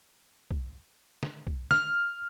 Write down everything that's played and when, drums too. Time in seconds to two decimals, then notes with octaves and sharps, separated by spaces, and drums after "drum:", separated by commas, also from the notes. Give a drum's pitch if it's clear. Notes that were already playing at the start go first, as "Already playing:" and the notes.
0.51 drum: kick B1
1.23 drum: snare
1.47 drum: kick B1
1.71 F6, drum: snare